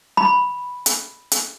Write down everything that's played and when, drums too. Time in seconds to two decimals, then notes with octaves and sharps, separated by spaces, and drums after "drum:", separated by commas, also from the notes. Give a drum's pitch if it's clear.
0.17 B5
0.86 drum: hi-hat
1.32 drum: hi-hat